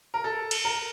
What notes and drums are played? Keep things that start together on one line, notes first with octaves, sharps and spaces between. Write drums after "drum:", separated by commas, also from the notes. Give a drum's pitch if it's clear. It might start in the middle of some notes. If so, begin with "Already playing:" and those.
A#4
A4
drum: cymbal
A#4